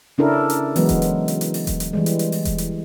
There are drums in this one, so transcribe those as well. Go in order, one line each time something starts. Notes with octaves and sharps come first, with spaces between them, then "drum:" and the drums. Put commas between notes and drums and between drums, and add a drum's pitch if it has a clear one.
C#3 C#4 D4 E4 A4 A#4
drum: hi-hat
E3 F#3 G#3 B3, drum: open hi-hat
drum: kick E1, hi-hat
drum: hi-hat
drum: hi-hat
drum: hi-hat
drum: open hi-hat
drum: kick E1, hi-hat
drum: hi-hat
E3 G3 G#3
drum: hi-hat
drum: hi-hat
drum: open hi-hat
drum: kick E1, hi-hat
drum: hi-hat